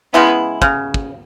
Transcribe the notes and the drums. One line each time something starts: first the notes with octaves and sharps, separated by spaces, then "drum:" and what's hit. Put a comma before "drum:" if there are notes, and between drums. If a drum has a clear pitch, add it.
C#3 G#3 B3 E4
C#3, drum: kick
drum: kick